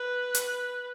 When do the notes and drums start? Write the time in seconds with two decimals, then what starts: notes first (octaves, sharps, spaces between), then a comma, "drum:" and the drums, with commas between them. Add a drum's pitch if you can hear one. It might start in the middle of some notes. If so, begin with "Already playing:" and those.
Already playing: B4
0.35 drum: hi-hat